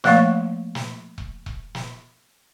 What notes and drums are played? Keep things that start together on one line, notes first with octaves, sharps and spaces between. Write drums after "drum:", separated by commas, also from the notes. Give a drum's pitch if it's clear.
F3 A3 A#3 D5 F5 C#6, drum: snare
drum: snare
drum: kick E1
drum: kick E1
drum: snare